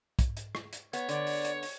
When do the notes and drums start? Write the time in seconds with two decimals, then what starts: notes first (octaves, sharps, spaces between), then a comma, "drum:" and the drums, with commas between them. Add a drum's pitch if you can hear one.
0.19 drum: kick, hi-hat
0.37 drum: hi-hat
0.55 drum: rim click
0.73 drum: hi-hat
0.93 B3 C#5, drum: hi-hat
1.09 D3 B3 D5, drum: hi-hat
1.27 drum: open hi-hat
1.45 drum: hi-hat
1.63 drum: open hi-hat